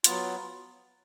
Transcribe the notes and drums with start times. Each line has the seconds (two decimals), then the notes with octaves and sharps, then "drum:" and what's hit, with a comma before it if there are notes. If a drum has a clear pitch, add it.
0.04 F#3 B3 F4, drum: hi-hat